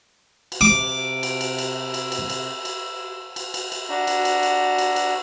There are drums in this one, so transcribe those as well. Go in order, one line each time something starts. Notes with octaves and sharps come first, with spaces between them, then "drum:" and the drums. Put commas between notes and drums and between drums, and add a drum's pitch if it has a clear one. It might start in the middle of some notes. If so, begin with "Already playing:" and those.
drum: cymbal
C3 D6
drum: cymbal
drum: cymbal
drum: cymbal
drum: cymbal
drum: cymbal
drum: cymbal
drum: cymbal
drum: cymbal
drum: cymbal
drum: cymbal
D4 F#4 A#5
drum: cymbal
drum: cymbal
drum: cymbal
drum: cymbal
drum: cymbal